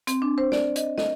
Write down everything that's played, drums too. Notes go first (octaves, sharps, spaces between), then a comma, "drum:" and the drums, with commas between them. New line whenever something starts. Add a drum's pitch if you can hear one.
C4, drum: hi-hat
D4
C5
D5, drum: snare
D#5, drum: hi-hat
D#5, drum: snare